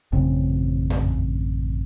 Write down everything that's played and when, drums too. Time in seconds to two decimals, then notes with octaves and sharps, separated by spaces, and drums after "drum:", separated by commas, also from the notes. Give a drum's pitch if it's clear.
0.12 A1 F#2 C#3 C4
0.90 drum: tom F2